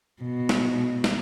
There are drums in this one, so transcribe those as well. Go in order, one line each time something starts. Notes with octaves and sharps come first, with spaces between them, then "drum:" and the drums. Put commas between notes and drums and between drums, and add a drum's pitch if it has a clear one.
B2
drum: snare
drum: snare